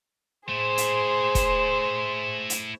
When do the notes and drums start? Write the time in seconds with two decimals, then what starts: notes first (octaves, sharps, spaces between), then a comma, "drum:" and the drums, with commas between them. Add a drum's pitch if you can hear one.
0.49 A3 E4 G#4 C5 C6
0.78 drum: hi-hat
1.35 drum: kick, hi-hat
2.50 drum: hi-hat